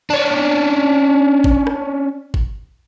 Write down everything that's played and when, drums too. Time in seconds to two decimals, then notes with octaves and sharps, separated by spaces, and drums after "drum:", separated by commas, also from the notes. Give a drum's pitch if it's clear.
0.10 C#4 D4
1.44 drum: kick G1
1.67 drum: rim click
2.34 drum: kick G1